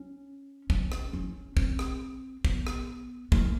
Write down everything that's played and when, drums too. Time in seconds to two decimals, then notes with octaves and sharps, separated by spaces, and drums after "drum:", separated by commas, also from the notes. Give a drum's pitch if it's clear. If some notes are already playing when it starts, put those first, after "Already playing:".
Already playing: C#4
0.70 C#4, drum: kick
0.92 drum: rim click
1.13 C#4
1.57 C4, drum: kick
1.79 drum: rim click
2.45 B3, drum: kick
2.67 drum: rim click
3.32 A#3, drum: kick